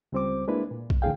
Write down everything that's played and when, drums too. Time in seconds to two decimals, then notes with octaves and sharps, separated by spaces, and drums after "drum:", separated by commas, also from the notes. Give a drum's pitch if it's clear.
0.12 C#2 G3 C4 C5 D6
0.48 G#3 A#3 D4 E4 B4
0.71 A#2
0.90 drum: kick B1
1.02 E2 A2 D3 G#4 F5 G5